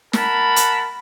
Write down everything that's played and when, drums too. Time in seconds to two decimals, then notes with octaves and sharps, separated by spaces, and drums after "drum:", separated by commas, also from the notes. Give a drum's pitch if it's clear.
0.13 A#4 F#5 A5 B5, drum: snare
0.56 drum: hi-hat